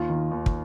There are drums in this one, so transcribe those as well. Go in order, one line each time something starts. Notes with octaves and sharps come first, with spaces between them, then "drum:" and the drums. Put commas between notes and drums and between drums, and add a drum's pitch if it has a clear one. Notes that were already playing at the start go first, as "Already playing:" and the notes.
Already playing: D#2 F4
D#3
D#2
drum: kick